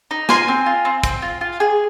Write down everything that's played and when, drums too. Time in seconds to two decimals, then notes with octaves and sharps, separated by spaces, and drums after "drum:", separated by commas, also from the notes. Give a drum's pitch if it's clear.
0.11 D#4
0.29 F4 G#5 C6, drum: snare
0.48 C4
0.66 F4
0.85 C4
1.04 C4, drum: kick, hi-hat
1.22 F4
1.41 F4
1.60 G#4